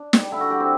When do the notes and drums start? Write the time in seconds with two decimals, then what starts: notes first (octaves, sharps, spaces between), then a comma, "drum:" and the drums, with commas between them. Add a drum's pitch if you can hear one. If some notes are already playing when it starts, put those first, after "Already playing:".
Already playing: D4
0.13 G3, drum: snare
0.31 D3 E4
0.41 F#4
0.50 G3 G4
0.60 C4